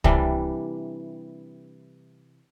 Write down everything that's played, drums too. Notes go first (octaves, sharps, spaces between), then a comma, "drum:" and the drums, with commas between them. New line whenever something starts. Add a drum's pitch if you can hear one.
C3 E3 G3 D4, drum: kick